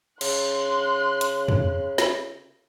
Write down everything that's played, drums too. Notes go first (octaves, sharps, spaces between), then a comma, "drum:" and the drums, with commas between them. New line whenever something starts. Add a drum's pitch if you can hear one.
C#3 C6 F#6, drum: cymbal
drum: hi-hat
drum: tom E2
drum: snare